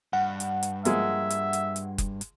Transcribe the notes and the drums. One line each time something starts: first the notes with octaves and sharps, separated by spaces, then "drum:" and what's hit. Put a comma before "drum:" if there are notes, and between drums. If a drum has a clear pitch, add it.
G2 F#5
drum: hi-hat
drum: hi-hat
F3 G#3 A#3 E5, drum: hi-hat
drum: hi-hat
drum: hi-hat
drum: hi-hat
drum: kick, hi-hat
drum: hi-hat